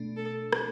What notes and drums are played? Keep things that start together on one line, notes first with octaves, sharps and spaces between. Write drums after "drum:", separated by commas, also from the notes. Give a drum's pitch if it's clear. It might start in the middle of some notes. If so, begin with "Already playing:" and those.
Already playing: B2 A3 D4
A4
drum: rim click